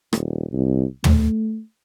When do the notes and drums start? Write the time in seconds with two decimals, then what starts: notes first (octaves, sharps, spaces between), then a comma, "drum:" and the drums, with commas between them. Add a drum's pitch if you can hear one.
0.13 D#1, drum: rim click
0.53 C2
1.04 A3, drum: tom